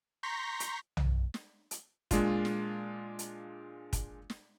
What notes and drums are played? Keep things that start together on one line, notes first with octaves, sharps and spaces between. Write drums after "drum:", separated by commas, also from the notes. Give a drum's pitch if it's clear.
A#5 C6 C#6 G6 A#6 B6
drum: hi-hat
drum: tom
drum: snare
drum: hi-hat
A#2 G#3 D4 F4, drum: kick, hi-hat
drum: snare
drum: hi-hat
drum: kick, hi-hat
drum: snare